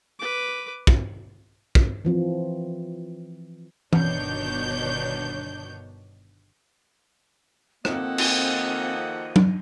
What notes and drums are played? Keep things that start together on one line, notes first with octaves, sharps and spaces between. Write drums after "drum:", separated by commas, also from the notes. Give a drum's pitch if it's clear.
B4 D6
drum: kick
drum: kick
E3 F3 C4
G1 B2 D#3 D4 C#5 G6, drum: tom E3
D#3 F3 A#3 C4 A4 D#5 F#5, drum: rim click
drum: cymbal
drum: tom F#3